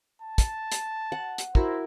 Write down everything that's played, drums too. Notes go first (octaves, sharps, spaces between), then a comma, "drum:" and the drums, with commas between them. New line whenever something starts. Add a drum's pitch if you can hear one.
A5
drum: kick, hi-hat
drum: hi-hat
F#5
drum: hi-hat
E4 F#4 A#4 C5, drum: kick